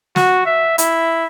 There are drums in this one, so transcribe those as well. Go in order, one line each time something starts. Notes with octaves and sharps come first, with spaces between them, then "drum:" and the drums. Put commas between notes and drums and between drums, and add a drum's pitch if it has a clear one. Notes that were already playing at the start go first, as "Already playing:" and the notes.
F#4, drum: snare
E5
E4, drum: hi-hat